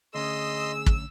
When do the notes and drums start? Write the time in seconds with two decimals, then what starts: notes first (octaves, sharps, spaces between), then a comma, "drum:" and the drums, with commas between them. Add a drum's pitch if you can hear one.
0.15 D2 C#4 G#4 D#5 C6 D#6 E6
0.86 drum: kick